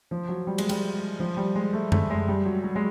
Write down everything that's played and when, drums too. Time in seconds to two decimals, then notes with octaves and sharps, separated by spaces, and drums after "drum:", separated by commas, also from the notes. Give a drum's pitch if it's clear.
0.11 F3
0.29 F#3
0.47 G3
0.58 G#3, drum: cymbal
0.69 G3, drum: cymbal
1.20 F3
1.37 G3
1.55 G#3
1.73 A3
1.92 A3, drum: tom F#2
2.10 G#3
2.28 G3
2.46 F#3
2.64 F#3
2.76 G#3